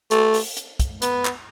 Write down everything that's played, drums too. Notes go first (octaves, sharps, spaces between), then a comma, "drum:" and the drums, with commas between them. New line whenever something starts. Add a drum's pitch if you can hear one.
A3, drum: hi-hat
drum: open hi-hat
drum: hi-hat
drum: kick, hi-hat
B3, drum: hi-hat
drum: clap